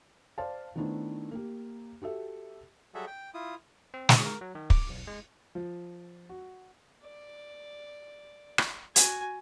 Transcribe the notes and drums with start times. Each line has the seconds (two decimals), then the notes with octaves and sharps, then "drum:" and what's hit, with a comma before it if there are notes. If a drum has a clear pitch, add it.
0.38 C5 D5 F5 A5
0.76 D#3 A3 B3 D4 E4 C5
1.31 A#3 G4
2.02 F#4 G4 A4 E5
2.95 F#3 G3 F#4 G#4 A4 E5
3.07 G5
3.34 E4 F4 D#6
3.94 C4
4.09 D#6, drum: snare
4.26 A#4
4.41 F#3
4.55 D#3
4.70 D6, drum: kick
4.89 B1
5.07 G#3
5.55 F3
6.29 F#4
7.04 D5
8.58 drum: rim click
8.96 F#4 G#5, drum: hi-hat